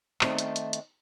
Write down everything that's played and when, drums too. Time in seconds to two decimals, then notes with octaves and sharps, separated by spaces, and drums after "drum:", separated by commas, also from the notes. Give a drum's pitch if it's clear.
0.21 D#3 A3 C4 D4, drum: clap
0.38 drum: hi-hat
0.56 drum: hi-hat
0.73 drum: hi-hat